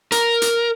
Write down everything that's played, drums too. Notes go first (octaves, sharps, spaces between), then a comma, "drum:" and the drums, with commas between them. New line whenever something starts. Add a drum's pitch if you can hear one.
A#4, drum: hi-hat
drum: hi-hat